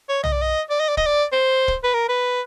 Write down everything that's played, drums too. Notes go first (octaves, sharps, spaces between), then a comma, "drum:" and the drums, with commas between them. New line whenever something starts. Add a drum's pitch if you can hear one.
C#5
D#5, drum: tom
D5
D#5
D5
D#5
D5
D#5, drum: kick
D5
C5
drum: kick
B4
A#4
B4